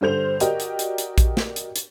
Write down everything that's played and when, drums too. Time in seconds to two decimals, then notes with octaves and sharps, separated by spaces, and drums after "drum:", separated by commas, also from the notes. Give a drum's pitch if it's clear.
0.01 G2 D3 C5 G6 F7
0.40 F#4 G4 A#4 D5 D#5 G5, drum: hi-hat
0.60 drum: hi-hat
0.79 drum: hi-hat
0.98 drum: hi-hat
1.18 drum: kick A#1, hi-hat
1.37 drum: snare
1.56 drum: hi-hat
1.76 drum: hi-hat